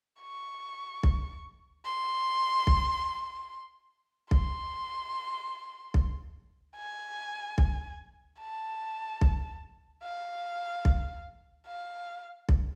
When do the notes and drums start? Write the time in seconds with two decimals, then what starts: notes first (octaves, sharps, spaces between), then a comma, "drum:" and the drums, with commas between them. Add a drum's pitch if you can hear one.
0.21 C#6
1.03 drum: kick B1
1.85 C6
2.67 drum: kick B1
4.31 C6, drum: kick B1
5.94 drum: kick B1
6.76 G#5
7.58 drum: kick B1
8.40 A5
9.21 drum: kick B1
10.03 F5
10.85 drum: kick B1
11.67 F5
12.49 drum: kick B1